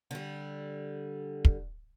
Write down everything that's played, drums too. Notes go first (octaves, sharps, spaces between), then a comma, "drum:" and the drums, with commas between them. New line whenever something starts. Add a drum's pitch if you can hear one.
D3 G3
drum: kick